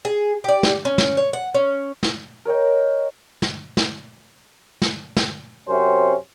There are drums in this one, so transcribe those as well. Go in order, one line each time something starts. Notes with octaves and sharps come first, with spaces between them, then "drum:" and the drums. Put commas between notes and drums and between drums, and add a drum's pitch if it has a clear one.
G#4
G4 D5
drum: snare
C#4
drum: snare
C#5
F#5
C#4
drum: snare
A#4 C#5 D#5 G5
drum: snare
drum: snare
drum: snare
drum: snare
F#2 C3 C#4 C5